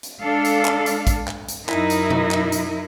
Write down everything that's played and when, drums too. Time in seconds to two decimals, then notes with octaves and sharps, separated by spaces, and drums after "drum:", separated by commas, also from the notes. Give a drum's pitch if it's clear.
0.03 drum: hi-hat
0.19 G#3 D4 A4 F5
0.44 drum: hi-hat
0.65 drum: clap
0.86 drum: hi-hat
1.07 drum: kick, hi-hat
1.27 drum: clap
1.48 drum: hi-hat
1.69 F#2 F#3 D#4 E4 A#4, drum: clap
1.90 drum: hi-hat
2.10 drum: tom B2
2.31 drum: clap
2.52 drum: hi-hat